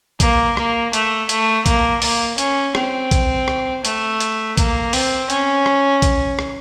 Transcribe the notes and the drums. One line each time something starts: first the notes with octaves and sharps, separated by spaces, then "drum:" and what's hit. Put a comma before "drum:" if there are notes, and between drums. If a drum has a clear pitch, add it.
A#3, drum: kick A#1, hi-hat
A#3, drum: rim click
A3, drum: hi-hat
A3, drum: hi-hat
A#3, drum: kick A#1, hi-hat
A#3, drum: open hi-hat
C#4, drum: hi-hat
C4, drum: rim click
drum: kick A#1, hi-hat
drum: rim click
A3, drum: hi-hat
drum: hi-hat
A#3, drum: kick A#1, hi-hat
C4, drum: open hi-hat
C#4, drum: hi-hat
drum: rim click
drum: kick A#1, hi-hat
drum: rim click